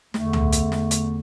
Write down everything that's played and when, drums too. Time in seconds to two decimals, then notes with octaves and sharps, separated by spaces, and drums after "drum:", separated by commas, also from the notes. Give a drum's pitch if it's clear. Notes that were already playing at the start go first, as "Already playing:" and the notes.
0.14 E2 D3 A3, drum: snare
0.33 drum: tom C#2
0.53 drum: hi-hat
0.72 drum: snare
0.91 drum: hi-hat